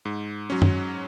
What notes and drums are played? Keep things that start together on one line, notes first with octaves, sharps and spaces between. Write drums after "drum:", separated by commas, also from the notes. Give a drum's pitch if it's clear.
G#2
F#3 C#4
drum: tom F#2